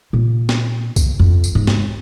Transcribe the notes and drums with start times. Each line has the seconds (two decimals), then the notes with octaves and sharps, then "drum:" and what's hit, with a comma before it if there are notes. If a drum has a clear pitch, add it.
0.13 A#2
0.49 drum: snare
0.96 drum: kick C2, tambourine
1.19 F2
1.44 drum: tambourine
1.55 G#2
1.67 drum: snare